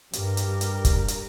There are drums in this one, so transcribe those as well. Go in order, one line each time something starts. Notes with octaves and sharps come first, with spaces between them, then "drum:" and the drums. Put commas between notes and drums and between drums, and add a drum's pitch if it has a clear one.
G2 G4 A#4, drum: hi-hat
drum: hi-hat
drum: hi-hat
drum: kick, hi-hat
drum: hi-hat